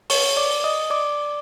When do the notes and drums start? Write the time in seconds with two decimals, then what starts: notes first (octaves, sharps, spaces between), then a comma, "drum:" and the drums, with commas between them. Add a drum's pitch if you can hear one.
0.10 C#5 C#6, drum: open hi-hat
0.37 D5 D6
0.64 D#5 D#6
0.90 D5 D6